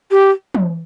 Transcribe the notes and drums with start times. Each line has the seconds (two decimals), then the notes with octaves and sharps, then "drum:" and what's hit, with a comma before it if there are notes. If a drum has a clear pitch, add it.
0.11 G4
0.55 drum: tom